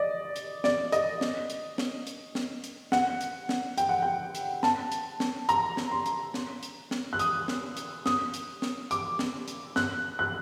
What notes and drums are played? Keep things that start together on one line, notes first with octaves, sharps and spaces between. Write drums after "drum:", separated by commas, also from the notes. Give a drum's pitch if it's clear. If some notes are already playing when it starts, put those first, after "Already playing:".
Already playing: D5 D#5
drum: hi-hat
D5, drum: snare
D#5, drum: hi-hat
drum: snare
drum: hi-hat
drum: snare
drum: hi-hat
drum: snare
drum: hi-hat
F#5, drum: snare
drum: hi-hat
drum: snare
G5, drum: hi-hat
F#5
G5
drum: hi-hat
A5, drum: snare
drum: hi-hat
drum: snare
A#5, drum: hi-hat
drum: snare
C6
drum: hi-hat
drum: snare
drum: hi-hat
drum: snare
F#6
D#6, drum: hi-hat
drum: snare
drum: hi-hat
D#6, drum: snare
drum: hi-hat
drum: snare
D6, drum: hi-hat
drum: snare
drum: hi-hat
F#6, drum: snare
F#6